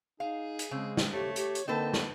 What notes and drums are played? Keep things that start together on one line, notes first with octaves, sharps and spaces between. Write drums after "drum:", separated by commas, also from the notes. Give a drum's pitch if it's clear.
D#4 G#4 F5
drum: hi-hat
C#3 G#3 C4
drum: snare
A3 G4 C#5
G4, drum: hi-hat
drum: hi-hat
D3 A#3 C4 D#4 A4 B4
drum: snare